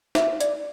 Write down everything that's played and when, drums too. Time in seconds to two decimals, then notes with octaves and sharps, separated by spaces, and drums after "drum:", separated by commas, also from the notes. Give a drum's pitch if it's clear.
0.15 E5, drum: snare
0.41 D5, drum: hi-hat